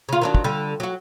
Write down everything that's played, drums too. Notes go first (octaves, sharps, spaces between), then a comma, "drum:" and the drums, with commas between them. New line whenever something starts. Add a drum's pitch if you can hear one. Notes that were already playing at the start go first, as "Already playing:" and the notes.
C#3 F4
D#3 F#3 D4
drum: kick
D3 G3
F#3 F#4